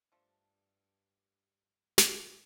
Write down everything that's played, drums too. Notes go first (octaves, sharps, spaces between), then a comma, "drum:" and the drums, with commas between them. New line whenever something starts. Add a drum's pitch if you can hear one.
G2 F3 A3 D4
G#2, drum: snare